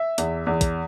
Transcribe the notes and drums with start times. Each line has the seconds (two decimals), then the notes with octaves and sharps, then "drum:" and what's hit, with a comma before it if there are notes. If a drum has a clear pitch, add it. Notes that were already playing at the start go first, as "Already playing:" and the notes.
Already playing: E5
0.18 E2, drum: hi-hat
0.47 E2
0.61 drum: kick, hi-hat